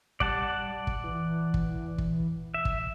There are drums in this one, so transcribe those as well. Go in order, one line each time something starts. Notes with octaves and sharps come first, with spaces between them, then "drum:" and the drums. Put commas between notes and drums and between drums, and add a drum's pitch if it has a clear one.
G3 D5 F#5 A5, drum: kick
drum: kick
E3
drum: kick
drum: kick
E5
drum: kick